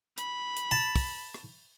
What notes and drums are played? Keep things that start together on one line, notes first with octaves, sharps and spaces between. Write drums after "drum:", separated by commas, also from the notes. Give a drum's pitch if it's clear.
B5, drum: hi-hat
drum: hi-hat
A5
drum: kick, open hi-hat
drum: rim click